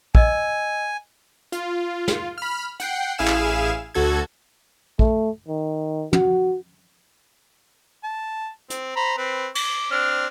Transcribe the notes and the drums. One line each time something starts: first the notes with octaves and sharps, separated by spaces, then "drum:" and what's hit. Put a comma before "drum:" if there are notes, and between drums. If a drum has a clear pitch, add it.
D#5 G#5 E6, drum: kick
F4, drum: hi-hat
drum: snare
B5 F6
F#5 G5 C7, drum: hi-hat
A1 E4 G#4 F5 G#5 E7
drum: clap
D2 F#4 A4 G#6
A3, drum: kick
D#3
F#4, drum: tom
A5
C4, drum: hi-hat
C5 A#5 B5
C4 B4
D6, drum: cymbal
C4 D4 F6